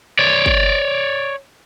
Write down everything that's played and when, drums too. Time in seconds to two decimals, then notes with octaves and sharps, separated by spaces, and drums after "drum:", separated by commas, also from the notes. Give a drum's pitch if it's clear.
0.19 C#5 D5
0.46 drum: kick